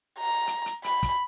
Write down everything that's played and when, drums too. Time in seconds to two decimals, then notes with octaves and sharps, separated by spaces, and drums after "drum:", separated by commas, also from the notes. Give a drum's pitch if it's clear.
0.19 A#5
0.47 drum: hi-hat
0.66 drum: hi-hat
0.84 B5, drum: hi-hat
1.03 drum: kick, hi-hat